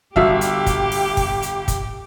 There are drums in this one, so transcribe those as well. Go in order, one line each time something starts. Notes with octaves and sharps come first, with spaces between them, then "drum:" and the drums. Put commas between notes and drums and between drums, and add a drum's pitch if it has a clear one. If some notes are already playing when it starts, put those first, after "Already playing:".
G1 G3 F#4 G4 E5 F5, drum: kick
drum: hi-hat
drum: kick, hi-hat
drum: open hi-hat
drum: kick, open hi-hat
drum: hi-hat
drum: kick, hi-hat